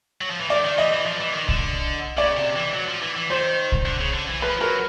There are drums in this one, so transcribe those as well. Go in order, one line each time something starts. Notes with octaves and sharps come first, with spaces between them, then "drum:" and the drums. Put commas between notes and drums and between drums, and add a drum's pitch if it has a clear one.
F#3
F3
E3
D#3 D5
D#3
E3 D#5
E3
F3
E3
D#3
D3, drum: kick
C#3 D5
C3
E3
F#3
F3
E3
E3
D#3 C5
drum: kick
D3
C#3
D3
E3
F3 B4
F#3 A#4